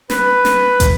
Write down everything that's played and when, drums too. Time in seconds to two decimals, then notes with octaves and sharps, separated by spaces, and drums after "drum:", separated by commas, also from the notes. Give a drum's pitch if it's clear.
0.10 B4, drum: snare
0.45 drum: snare
0.80 drum: kick, hi-hat